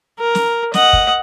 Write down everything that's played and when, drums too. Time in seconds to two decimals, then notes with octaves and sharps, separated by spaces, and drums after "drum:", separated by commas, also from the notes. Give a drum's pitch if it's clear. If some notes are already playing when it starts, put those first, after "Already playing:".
0.19 A#4
0.35 drum: snare
0.74 D#5 F#5, drum: snare
0.93 drum: kick